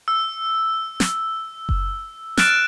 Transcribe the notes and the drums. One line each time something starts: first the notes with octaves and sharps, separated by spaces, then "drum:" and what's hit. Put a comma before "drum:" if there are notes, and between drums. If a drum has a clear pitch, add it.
E6
drum: snare
drum: kick F#1
F6 F#6 A6 D7 E7, drum: snare